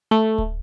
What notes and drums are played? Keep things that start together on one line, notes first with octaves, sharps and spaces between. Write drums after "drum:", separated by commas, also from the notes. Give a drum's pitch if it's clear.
A3
drum: kick D1